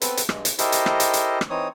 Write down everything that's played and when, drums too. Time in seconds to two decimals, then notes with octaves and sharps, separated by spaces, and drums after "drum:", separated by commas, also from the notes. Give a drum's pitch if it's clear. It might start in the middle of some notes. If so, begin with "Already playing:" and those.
0.02 B3 C4 A4 B4, drum: hi-hat
0.17 drum: hi-hat
0.29 G2 G#3, drum: rim click
0.45 drum: hi-hat
0.59 E4 G4 A4 A#4 C5 D#5, drum: hi-hat
0.72 drum: hi-hat
0.86 drum: rim click
1.00 drum: hi-hat
1.13 drum: hi-hat
1.41 drum: rim click
1.50 E3 C4 D#4 C#5 D#6